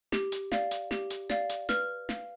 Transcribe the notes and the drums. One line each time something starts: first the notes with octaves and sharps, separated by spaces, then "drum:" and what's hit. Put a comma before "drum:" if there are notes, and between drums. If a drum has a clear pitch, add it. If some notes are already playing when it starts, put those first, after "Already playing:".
G4, drum: snare
drum: hi-hat
D5 F5, drum: snare
drum: hi-hat
G4, drum: snare
drum: hi-hat
D5 F5, drum: snare
drum: hi-hat
B4 F6, drum: snare
F5, drum: snare